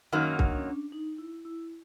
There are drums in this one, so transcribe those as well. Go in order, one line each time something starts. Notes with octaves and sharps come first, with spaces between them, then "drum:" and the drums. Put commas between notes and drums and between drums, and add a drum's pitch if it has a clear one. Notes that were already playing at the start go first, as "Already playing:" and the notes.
F#2 D#3 F#3 A#3 C#4
D4, drum: kick C2
C#4
D4
D#4
E4
E4